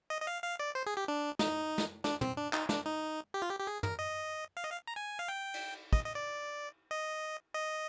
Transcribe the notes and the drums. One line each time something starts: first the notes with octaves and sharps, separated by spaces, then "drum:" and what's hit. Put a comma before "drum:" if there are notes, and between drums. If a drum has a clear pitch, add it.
D#5
D#5
F5
F5
D5
C5
G#4
G4
D4
D#4, drum: snare
drum: snare
D4, drum: snare
C4, drum: tom
D4
D#4, drum: clap
D4, drum: snare
D#4
G4
F4
G4
G4
G#4
A#4, drum: tom
D#5
F5
D#5
F5
A#5
G#5
F5
G5
drum: cymbal
D#5, drum: kick
D#5
D5
D#5
D#5